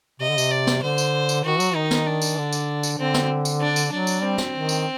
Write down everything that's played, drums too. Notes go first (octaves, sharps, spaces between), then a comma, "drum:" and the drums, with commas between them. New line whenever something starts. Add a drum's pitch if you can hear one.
C3 D#5
D3
C3, drum: tambourine
D5
drum: snare
D3 C5
drum: tambourine
drum: tambourine
D#3 F#4
F#3, drum: tambourine
D#3 D#4
drum: snare
D4
drum: tambourine
D3
drum: tambourine
drum: tambourine
D3 C4
drum: snare
drum: tambourine
D4
drum: tambourine
F#3 D4
drum: tambourine
G3 C4
drum: snare
D#3
drum: tambourine